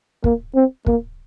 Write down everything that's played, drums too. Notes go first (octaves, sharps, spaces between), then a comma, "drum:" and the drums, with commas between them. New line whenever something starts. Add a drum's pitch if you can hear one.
A#3, drum: kick
C4
A#3, drum: kick